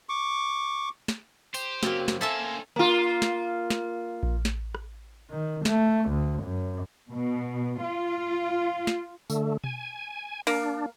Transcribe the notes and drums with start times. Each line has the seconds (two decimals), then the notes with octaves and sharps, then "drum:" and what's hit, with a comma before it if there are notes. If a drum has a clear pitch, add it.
0.09 C#6 D6
1.08 drum: snare
1.54 G4 C5, drum: tambourine
1.83 C#3 F#3 A#3 C4 F#4, drum: snare
2.08 drum: snare
2.21 A#3 C#4 A4 C5 E5 G#5 A5
2.76 A#3 F4
3.22 drum: snare
3.70 drum: snare
4.23 drum: kick A#1
4.45 drum: snare
4.75 drum: rim click
5.30 D#3
5.65 A3, drum: snare
6.10 D2
6.43 F#2
7.10 B2
7.83 F4
8.87 drum: snare
9.30 D3 A3, drum: tambourine
9.64 G#5, drum: tom B2
10.47 A#3 D4, drum: open hi-hat